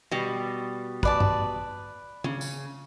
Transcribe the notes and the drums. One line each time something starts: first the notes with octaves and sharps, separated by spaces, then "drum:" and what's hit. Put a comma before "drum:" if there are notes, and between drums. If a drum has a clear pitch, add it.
B2 G3
B4 D5 A5, drum: kick
drum: tom G2
C#3, drum: tom
drum: tambourine